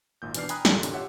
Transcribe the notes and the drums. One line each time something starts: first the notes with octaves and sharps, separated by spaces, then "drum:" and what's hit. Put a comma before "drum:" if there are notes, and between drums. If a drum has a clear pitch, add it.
G#1 A#2 G6
B2 E3 D4 D5 F6 C7, drum: hi-hat
G5 G#5 A#5 B5 D#6 F#6, drum: hi-hat
A1 F#2 A#2 D3 G3, drum: snare
drum: hi-hat
F4 G4 C#5 E5 F#5